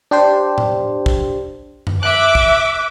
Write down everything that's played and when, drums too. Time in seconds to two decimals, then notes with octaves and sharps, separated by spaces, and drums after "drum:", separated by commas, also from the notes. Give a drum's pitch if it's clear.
0.11 D4 G4 C5
0.58 drum: tom A2
1.06 drum: kick
1.87 drum: tom F#2
2.03 E5 D6 F#6
2.35 drum: kick